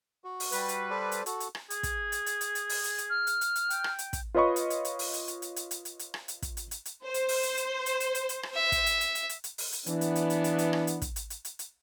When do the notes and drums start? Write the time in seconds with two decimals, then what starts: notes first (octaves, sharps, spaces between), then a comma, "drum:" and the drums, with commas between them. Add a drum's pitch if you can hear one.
0.24 F#4
0.40 drum: open hi-hat
0.52 G3 B4, drum: hi-hat
0.69 drum: hi-hat
0.90 A4 C5 D5
1.12 drum: hi-hat
1.26 F#4 A4, drum: hi-hat
1.40 drum: hi-hat
1.55 drum: rim click
1.70 G#4, drum: hi-hat
1.83 drum: kick, hi-hat
2.12 drum: hi-hat
2.26 drum: hi-hat
2.41 drum: hi-hat
2.55 drum: hi-hat
2.69 drum: open hi-hat
2.84 drum: hi-hat
2.98 drum: hi-hat
3.10 F6
3.27 drum: hi-hat
3.41 drum: hi-hat
3.56 drum: hi-hat
3.70 G5, drum: hi-hat
3.84 drum: rim click
3.99 drum: hi-hat
4.13 drum: kick, hi-hat
4.35 F4 B4 C#5 D#5 B5 C#6
4.56 drum: hi-hat
4.70 drum: hi-hat
4.85 drum: hi-hat
4.99 drum: open hi-hat
5.13 drum: hi-hat
5.28 drum: hi-hat
5.42 drum: hi-hat
5.56 drum: hi-hat
5.71 drum: hi-hat
5.85 drum: hi-hat
5.99 drum: hi-hat
6.14 drum: rim click
6.28 drum: hi-hat
6.42 drum: kick, hi-hat
6.57 drum: hi-hat
6.71 drum: hi-hat
6.85 drum: hi-hat
7.03 C5
7.14 drum: hi-hat
7.29 drum: open hi-hat
7.43 drum: hi-hat
7.57 drum: hi-hat
7.86 drum: hi-hat
8.00 drum: hi-hat
8.15 drum: hi-hat
8.29 drum: hi-hat
8.43 drum: rim click
8.54 E5
8.72 drum: kick, hi-hat
8.86 drum: hi-hat
9.01 drum: hi-hat
9.15 drum: hi-hat
9.29 drum: hi-hat
9.44 drum: hi-hat
9.58 drum: open hi-hat
9.72 drum: hi-hat
9.86 E3 B3 D4, drum: hi-hat
10.01 drum: hi-hat
10.15 drum: hi-hat
10.30 drum: hi-hat
10.44 drum: hi-hat
10.59 drum: hi-hat
10.73 drum: rim click
10.87 drum: hi-hat
11.02 drum: kick, hi-hat
11.16 drum: hi-hat
11.30 drum: hi-hat
11.45 drum: hi-hat
11.59 drum: hi-hat